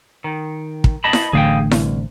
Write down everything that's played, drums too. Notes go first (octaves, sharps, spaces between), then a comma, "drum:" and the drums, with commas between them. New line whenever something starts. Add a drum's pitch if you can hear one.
D#3
drum: kick
D#5 A5 B5
drum: snare E4
A1 D3 A3 G#4 F5 G5
C2, drum: snare E4